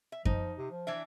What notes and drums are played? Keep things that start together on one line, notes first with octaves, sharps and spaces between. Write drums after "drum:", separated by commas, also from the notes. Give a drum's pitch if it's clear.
E5
F3 D#4, drum: kick F#2
C3
F3
E3 D4 E5